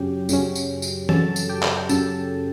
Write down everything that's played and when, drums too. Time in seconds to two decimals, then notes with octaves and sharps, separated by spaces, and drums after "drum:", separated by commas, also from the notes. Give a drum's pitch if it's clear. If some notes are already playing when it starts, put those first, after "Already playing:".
Already playing: F#2 C#3 F#3 C#4 G4 G5
0.29 F#2 C#3 F#3 C#4, drum: tambourine
0.55 drum: tambourine
0.82 drum: tambourine
1.09 F#2 C#3 F#3 C#4 A4 A5, drum: tom E3
1.36 drum: tambourine
1.49 G4 G5
1.63 drum: clap
1.89 F#2 C#3 F#3 C#4 A4 A5, drum: tambourine